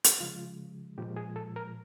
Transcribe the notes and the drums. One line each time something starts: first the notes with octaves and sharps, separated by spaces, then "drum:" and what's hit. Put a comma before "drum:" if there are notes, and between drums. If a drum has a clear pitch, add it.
drum: hi-hat
C#3 F3 G#3 F4
A#2 F3 G#3 G4
G#4
A4
A#4